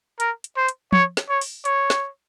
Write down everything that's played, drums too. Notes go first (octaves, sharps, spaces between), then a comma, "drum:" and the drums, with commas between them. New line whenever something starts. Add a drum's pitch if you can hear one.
A#4, drum: hi-hat
drum: hi-hat
C5
drum: hi-hat
C#5, drum: tom
drum: snare
C#5
drum: open hi-hat
C#5, drum: hi-hat
drum: snare